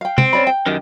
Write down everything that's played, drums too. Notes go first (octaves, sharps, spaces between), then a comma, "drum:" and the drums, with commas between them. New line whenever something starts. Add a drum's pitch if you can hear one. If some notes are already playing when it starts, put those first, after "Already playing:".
F5 G5
C4, drum: tom
C#4 D5 B5
G5
F#2 D#3 G4